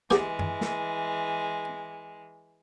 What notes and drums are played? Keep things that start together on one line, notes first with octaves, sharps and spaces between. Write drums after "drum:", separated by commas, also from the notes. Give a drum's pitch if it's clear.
E3 G#3 B3 G4 G#4, drum: snare
drum: tom F#2
drum: snare